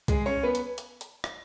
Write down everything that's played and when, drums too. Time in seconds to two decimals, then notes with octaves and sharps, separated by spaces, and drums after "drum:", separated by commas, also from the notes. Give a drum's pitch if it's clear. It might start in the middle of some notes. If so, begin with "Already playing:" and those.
0.08 G#3 G#4, drum: kick C2, hi-hat
0.26 C#4 C#5
0.43 B3 B4
0.55 drum: hi-hat
0.78 drum: hi-hat
1.01 drum: hi-hat
1.24 drum: rim click